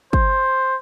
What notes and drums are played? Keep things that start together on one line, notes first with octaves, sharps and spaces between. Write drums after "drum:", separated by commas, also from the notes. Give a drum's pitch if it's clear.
C5, drum: kick